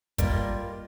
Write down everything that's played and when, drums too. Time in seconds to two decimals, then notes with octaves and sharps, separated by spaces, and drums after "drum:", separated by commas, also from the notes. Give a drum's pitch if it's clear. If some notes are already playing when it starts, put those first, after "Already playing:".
0.18 G3 A#3 F4 A#4 D5 D#5, drum: kick, hi-hat